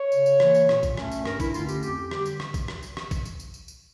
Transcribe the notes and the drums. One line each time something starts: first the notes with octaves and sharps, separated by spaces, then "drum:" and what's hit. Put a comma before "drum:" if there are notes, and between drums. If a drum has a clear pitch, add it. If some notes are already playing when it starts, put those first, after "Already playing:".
Already playing: C#5
C#3, drum: tambourine
drum: tambourine
E3 A#3, drum: rim click
drum: tambourine
A#2, drum: rim click
drum: kick, tambourine
A3 C#4, drum: rim click
drum: tambourine
G2 A#4, drum: rim click
E4, drum: kick, tambourine
D3 A3 C#4 F4, drum: tambourine
G4, drum: tambourine
F2 G4, drum: tambourine
D3 G3 G4, drum: rim click
drum: tambourine
drum: rim click
drum: kick, tambourine
drum: rim click
drum: tambourine
drum: rim click
drum: kick, tambourine
drum: tambourine
drum: tambourine
drum: tambourine
drum: tambourine